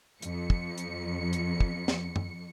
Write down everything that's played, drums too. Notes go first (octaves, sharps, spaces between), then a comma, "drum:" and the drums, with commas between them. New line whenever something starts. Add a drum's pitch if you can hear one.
F2 C#7, drum: hi-hat
drum: kick
drum: hi-hat
drum: hi-hat
drum: kick
drum: snare
drum: tom